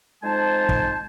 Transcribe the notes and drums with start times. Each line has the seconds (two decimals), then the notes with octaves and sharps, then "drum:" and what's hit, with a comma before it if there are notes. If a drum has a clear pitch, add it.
0.23 F2 G#3 D#4 C5 G#5 A5
0.69 drum: kick